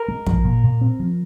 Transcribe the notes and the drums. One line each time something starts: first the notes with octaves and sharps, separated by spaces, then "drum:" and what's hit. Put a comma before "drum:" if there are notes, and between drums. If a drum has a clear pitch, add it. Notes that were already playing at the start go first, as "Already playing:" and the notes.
Already playing: A#4
G#3
F3, drum: kick
A#2
A#2
C4
F3